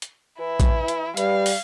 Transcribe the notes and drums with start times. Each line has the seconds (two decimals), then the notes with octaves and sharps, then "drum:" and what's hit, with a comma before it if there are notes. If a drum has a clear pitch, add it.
0.02 drum: hi-hat
0.39 E3 E4
0.60 drum: kick, hi-hat
0.88 drum: hi-hat
1.17 G3 B4 F5, drum: hi-hat
1.46 drum: open hi-hat